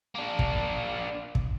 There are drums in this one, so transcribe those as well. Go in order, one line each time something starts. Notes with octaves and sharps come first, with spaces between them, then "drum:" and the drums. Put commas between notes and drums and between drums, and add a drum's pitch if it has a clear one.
A#3 D4
drum: kick
drum: kick